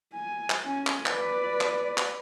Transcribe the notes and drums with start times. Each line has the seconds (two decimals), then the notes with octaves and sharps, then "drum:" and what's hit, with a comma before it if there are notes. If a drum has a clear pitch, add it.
0.13 G#5
0.50 drum: clap
0.65 C#4 G#5
0.87 drum: clap
1.06 B4 D5, drum: clap
1.61 drum: clap
1.98 drum: clap